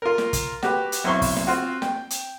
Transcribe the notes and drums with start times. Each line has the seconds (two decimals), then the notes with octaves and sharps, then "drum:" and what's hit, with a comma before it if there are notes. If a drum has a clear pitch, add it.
0.02 F4 A#4
0.18 drum: snare
0.33 drum: kick, hi-hat
0.63 F#4 G4 B4, drum: snare
0.92 drum: hi-hat
1.04 B1 C4 E4 C6 C#6
1.22 drum: kick, open hi-hat
1.36 drum: snare
1.47 C4 F4 F#4
1.82 G5, drum: snare
2.10 drum: hi-hat